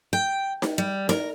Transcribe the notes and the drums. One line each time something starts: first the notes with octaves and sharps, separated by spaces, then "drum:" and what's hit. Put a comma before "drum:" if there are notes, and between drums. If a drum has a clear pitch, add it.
G5
drum: snare D#4
G3
A#4, drum: snare D#4